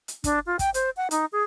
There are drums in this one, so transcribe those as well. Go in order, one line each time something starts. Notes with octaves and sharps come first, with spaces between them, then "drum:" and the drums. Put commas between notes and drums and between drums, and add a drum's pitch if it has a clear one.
drum: hi-hat
D4, drum: kick, hi-hat
F4
G5, drum: kick, hi-hat
C5, drum: hi-hat
F#5
D#4, drum: hi-hat
G#4